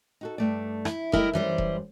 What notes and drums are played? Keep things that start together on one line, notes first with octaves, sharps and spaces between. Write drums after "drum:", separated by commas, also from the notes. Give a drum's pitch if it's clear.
D#4 F#4 A4
G2 A3 D5
E4, drum: rim click
G3 A3 E4 A#4 D#5, drum: kick E1
F#2 E3 G3 C5
drum: kick E1